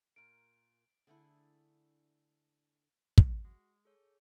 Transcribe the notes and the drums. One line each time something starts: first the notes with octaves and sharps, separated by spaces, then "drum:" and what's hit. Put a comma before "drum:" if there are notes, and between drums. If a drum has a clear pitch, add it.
A#2 A#4 D7
D3 A3 D4 E4 G#4
drum: kick
G#3 F#4
G#4 A4 C#5